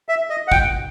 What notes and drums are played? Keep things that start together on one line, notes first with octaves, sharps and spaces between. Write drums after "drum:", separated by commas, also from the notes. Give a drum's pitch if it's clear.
E5
D#5
F#5
G5, drum: kick